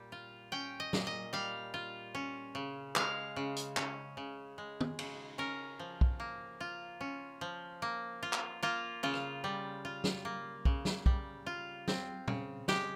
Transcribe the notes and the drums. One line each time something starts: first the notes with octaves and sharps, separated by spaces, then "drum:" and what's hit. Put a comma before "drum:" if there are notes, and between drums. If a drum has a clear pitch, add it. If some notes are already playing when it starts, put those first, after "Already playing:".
Already playing: A#2 G3
F4
C#4 G5
D#5
A#2, drum: snare
D#5
G3 F5
F4
C#4
C#3
G#3 F5, drum: clap
C#3
drum: hi-hat
C#4, drum: clap
C#3
G#3
drum: tom
C#3, drum: cymbal
C#4 A#4
F3
drum: kick B1
A#3
F4
C#4
F3
A#3
F4
drum: clap
A#3 F4
C#3 F4
drum: rim click
G3
F4
drum: snare
A#3
C#3, drum: kick B1
drum: snare
G3, drum: kick B1
F4
C4, drum: snare
C#3, drum: tom
G#3 G4, drum: snare